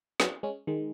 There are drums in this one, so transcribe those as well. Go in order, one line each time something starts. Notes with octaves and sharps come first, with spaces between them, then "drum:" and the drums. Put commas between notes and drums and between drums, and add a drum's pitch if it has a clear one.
F#3 B3, drum: snare
G#3 C#4
D#3 G#3